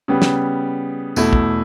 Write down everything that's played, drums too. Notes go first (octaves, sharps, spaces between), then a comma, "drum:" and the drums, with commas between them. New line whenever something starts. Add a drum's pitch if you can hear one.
C#3 G3 B3
drum: snare
E2 B2 A3 E4, drum: tambourine
drum: kick